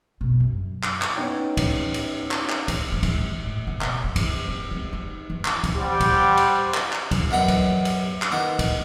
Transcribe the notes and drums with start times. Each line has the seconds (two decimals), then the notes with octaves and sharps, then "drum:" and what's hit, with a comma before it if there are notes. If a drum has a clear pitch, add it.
0.21 A#1 B2
0.40 F#2
0.83 drum: clap
1.02 drum: clap
1.16 B3 C#4 D#4 C#5 G5
1.57 drum: kick C#2, cymbal
1.94 drum: cymbal
2.31 drum: clap
2.50 drum: clap
2.68 drum: kick C#2, cymbal
2.92 G#2
3.03 F2, drum: kick C#2, cymbal
3.18 G#2
3.46 A2
3.67 C#3
3.81 B2, drum: clap
4.04 G2
4.16 drum: kick C#2, cymbal
4.48 C4
4.71 C#2
4.93 D#4
5.30 E3
5.45 drum: clap
5.64 drum: kick C#2, cymbal
5.76 G3 G4 C5 F#5
6.01 drum: kick C#2, cymbal
6.37 drum: cymbal
6.74 drum: clap
6.93 drum: clap
7.11 drum: kick C#2, cymbal
7.31 F#2 B2 F#5 G5
7.48 drum: kick C#2, cymbal
7.85 drum: cymbal
8.22 drum: clap
8.32 D#3 B3
8.59 drum: kick C#2, cymbal